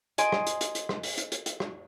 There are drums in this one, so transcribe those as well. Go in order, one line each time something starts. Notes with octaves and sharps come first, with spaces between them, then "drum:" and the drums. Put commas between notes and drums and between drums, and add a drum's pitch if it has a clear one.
D#5 G#5 C6 D7, drum: hi-hat
drum: rim click
drum: hi-hat
drum: hi-hat
drum: hi-hat
drum: rim click
drum: open hi-hat
drum: hi-hat
drum: hi-hat
drum: hi-hat
drum: rim click